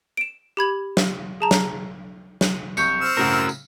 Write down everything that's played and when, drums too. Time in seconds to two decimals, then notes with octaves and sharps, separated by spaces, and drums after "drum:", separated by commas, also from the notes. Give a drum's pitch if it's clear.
0.17 D7 E7
0.57 G4 B5 G#6 F#7
0.97 drum: snare
1.40 G#4 A5 A#5
1.51 drum: snare
2.41 drum: snare
2.77 C2 C#6 G6 C#7, drum: tambourine
3.01 C4 E6 F6
3.17 A2 C#3 F#4 A#4
3.49 drum: tambourine